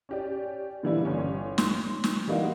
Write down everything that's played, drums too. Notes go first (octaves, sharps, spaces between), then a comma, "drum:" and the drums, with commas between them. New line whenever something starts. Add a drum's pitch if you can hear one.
C#4 G4 D5
A#2 D3 E3 G3 D4 E4
G1 C#4
C6, drum: snare
drum: snare
E3 G3 A#3 D#4 F#4